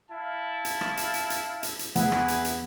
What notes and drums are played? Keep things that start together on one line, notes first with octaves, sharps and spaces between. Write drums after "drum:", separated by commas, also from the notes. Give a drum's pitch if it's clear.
E4 F5 A5
drum: hi-hat
drum: rim click
drum: hi-hat
drum: hi-hat
drum: hi-hat
drum: hi-hat
drum: hi-hat
E2 E4 G#4 B4 F#5, drum: hi-hat
drum: rim click
drum: hi-hat
drum: hi-hat